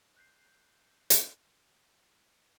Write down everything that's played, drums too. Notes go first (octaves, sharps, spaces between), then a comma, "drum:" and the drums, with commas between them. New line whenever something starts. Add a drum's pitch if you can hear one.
F#6 G6 C7
drum: hi-hat